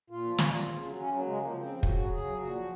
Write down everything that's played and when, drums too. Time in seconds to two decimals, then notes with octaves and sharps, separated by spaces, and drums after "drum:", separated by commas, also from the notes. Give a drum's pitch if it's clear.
0.10 A#2 F4
0.24 F3
0.38 A#2, drum: snare
0.53 F3
0.67 C#3
0.82 F#3
0.96 C#3 C#4
1.10 F#3
1.17 A#3
1.25 C#3 G#3
1.40 F3 A#3
1.54 C#3 C4
1.68 F3
1.83 C#3 F#4, drum: kick
1.97 F#3
2.11 C#3 G#4
2.25 F#3
2.40 A#2 F#4
2.55 F3